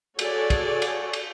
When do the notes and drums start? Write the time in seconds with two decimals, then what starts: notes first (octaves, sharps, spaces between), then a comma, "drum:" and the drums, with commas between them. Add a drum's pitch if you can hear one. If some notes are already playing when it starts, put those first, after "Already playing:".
0.19 F#4 G#4 A4 C#5 D5 G#5, drum: cymbal
0.50 drum: kick, cymbal
0.82 drum: cymbal
1.13 drum: cymbal